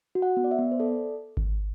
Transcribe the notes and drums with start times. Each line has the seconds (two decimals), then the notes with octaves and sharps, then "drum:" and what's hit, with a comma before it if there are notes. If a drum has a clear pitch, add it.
0.15 F#4
0.22 F#5
0.37 B3
0.44 D5
0.51 E5
0.58 B3
0.72 C5
0.80 A4 D5
1.37 drum: kick G#1